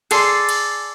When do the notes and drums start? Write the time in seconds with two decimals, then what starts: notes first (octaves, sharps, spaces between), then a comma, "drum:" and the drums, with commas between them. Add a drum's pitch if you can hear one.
0.11 G#4 A4 D5 C6, drum: cymbal
0.49 drum: cymbal